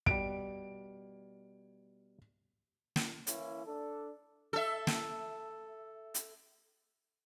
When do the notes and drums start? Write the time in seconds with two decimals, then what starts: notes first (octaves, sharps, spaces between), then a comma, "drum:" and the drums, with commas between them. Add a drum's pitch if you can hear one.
0.06 B2 G3 D7, drum: kick
2.96 drum: snare
3.27 E3 A#3 C#4 E4, drum: hi-hat
3.66 D4 A4
4.53 A4 E5
4.87 drum: snare
6.14 drum: hi-hat